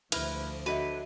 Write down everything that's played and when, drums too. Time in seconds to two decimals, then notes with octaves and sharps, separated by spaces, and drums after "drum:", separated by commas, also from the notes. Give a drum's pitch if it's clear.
0.12 D2 F3 G#3 E4 B4 F6, drum: cymbal
0.66 D3 F#3 A3 F#4 B4 D#5 E5